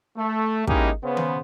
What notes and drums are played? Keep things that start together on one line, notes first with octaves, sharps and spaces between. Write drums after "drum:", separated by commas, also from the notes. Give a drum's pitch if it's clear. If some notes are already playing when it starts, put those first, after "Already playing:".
A3
G#3 A#3 C#4 D#4 E4 G4, drum: kick
C#3 B3 C5
drum: tom D#3